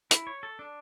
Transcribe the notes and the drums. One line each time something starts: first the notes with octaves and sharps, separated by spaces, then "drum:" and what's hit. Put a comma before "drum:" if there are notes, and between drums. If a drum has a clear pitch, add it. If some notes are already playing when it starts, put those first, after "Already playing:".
E4, drum: hi-hat
C#5
A4
D4